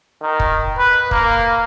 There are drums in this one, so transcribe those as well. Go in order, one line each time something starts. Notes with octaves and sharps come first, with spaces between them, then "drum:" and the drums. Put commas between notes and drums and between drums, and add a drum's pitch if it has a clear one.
D#3
drum: kick
B4
A#3, drum: kick